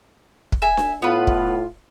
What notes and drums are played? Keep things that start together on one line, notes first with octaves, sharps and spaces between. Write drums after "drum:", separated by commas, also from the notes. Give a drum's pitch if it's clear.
drum: kick
E5 G#5
drum: snare D4
A2 B3 F4 B4
drum: kick